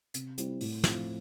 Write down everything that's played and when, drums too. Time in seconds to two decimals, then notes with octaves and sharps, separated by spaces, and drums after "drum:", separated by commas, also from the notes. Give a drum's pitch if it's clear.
0.14 C3, drum: hi-hat
0.38 G3 C4 E4, drum: hi-hat
0.61 A2, drum: open hi-hat
0.84 F3 C4 E4, drum: snare